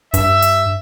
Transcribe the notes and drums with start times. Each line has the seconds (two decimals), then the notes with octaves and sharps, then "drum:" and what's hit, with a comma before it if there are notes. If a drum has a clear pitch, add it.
0.14 G2 E5, drum: hi-hat
0.42 drum: hi-hat